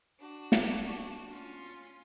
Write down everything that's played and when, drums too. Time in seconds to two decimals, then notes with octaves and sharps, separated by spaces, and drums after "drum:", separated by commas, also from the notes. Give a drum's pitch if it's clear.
0.20 D4 F#4
0.52 drum: snare
1.29 C#4 F4